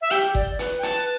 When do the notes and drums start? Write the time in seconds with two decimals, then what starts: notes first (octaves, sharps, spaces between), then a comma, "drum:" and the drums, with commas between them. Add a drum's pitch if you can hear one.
0.01 E5
0.11 G4 G5, drum: hi-hat
0.35 D5, drum: kick G1
0.59 B4, drum: hi-hat
0.79 G5
0.83 A5, drum: hi-hat